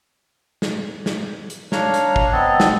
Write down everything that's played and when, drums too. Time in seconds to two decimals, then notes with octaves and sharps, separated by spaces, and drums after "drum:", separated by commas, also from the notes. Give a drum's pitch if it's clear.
0.62 drum: snare
1.06 drum: snare
1.50 drum: hi-hat
1.72 D4 C#5 F5 A#5, drum: snare
1.94 drum: hi-hat
2.16 drum: kick
2.32 B3 C4 D#5 A5
2.60 drum: snare